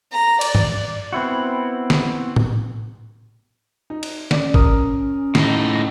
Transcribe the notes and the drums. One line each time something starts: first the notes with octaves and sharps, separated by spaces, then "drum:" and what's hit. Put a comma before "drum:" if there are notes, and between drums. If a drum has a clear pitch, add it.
A#5
D5, drum: cymbal
drum: tom G2
B3 C4 E4 F#4
drum: snare
drum: tom A2
D#4
drum: cymbal
C#4 D5, drum: snare
A#4 D#6, drum: kick
A2 D#4, drum: snare